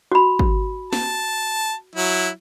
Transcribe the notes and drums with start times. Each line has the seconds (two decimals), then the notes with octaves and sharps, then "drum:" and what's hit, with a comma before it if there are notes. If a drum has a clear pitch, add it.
0.12 F#4 B5
0.39 drum: kick
0.93 A5, drum: snare
1.95 F#3 E4